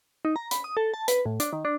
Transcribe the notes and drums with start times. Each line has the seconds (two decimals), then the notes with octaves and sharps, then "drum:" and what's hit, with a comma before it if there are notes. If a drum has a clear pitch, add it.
0.25 D#4
0.36 A#5
0.51 B5, drum: hi-hat
0.64 D#6
0.77 A4
0.94 A5
1.08 B4, drum: hi-hat
1.26 A2
1.40 D4, drum: hi-hat
1.53 D#3
1.65 D4